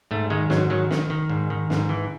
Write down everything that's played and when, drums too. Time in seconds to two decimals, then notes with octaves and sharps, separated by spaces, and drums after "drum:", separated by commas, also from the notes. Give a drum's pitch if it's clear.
0.11 G#2 A3
0.30 D#3 G#3
0.50 G#2 F#3, drum: snare
0.70 D#3 F#3
0.91 D#3, drum: snare
1.10 D#3
1.29 G#2
1.50 D#3
1.70 G#2, drum: snare
1.89 E3